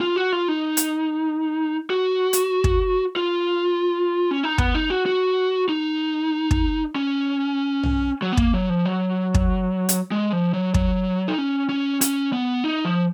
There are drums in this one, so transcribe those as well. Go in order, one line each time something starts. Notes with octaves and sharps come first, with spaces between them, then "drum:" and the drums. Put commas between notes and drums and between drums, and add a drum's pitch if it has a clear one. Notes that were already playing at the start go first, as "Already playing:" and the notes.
F4
F#4
F4
D#4
drum: hi-hat
F#4
drum: hi-hat
drum: kick
F4
C#4
D#4
B3, drum: kick
D#4
F#4
F#4
D#4
drum: kick
C#4
drum: tom
F#3
B3
A#3, drum: kick
F#3
F3
F#3
drum: kick
drum: hi-hat
G#3
F3
F#3
F#3, drum: kick
D#4
C#4
C#4
C#4, drum: hi-hat
B3
D#4
F3